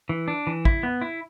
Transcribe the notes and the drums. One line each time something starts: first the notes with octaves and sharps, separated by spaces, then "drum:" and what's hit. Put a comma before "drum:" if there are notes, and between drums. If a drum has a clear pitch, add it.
E3
D4
E3
E4, drum: kick
B3
E4